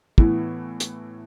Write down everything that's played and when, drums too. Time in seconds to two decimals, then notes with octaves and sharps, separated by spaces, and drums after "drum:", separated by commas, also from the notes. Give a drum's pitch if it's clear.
0.18 A2 E3 B3 E4, drum: kick
0.80 drum: hi-hat